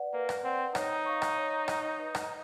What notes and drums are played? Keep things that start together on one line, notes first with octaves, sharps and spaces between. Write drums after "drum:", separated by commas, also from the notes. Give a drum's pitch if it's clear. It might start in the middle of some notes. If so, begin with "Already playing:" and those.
Already playing: B4 D5 F#5
A#3 B4
drum: rim click
C4 D5 F#5
D#4 C#5, drum: rim click
F5 A#5 C#6
drum: rim click
C#5
F5 A#5 C#6, drum: rim click
B4
drum: rim click